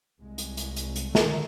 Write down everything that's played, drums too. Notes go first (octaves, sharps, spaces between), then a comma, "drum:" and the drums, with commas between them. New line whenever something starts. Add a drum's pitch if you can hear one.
C2 G#3
drum: hi-hat
drum: hi-hat
drum: hi-hat
drum: hi-hat
D3 D#3 A3 A#4, drum: snare